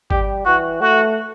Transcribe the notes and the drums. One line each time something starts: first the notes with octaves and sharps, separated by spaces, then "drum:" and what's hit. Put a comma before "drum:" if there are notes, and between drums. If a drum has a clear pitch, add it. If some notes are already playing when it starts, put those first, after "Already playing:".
G3 G4, drum: kick
E3 F#4
A3 F#4